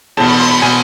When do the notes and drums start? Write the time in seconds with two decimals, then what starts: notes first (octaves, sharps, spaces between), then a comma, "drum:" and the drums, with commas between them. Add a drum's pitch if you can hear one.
0.17 E2 B2 A5, drum: cymbal
0.28 B5
0.40 C6
0.51 B5
0.62 B2 G#5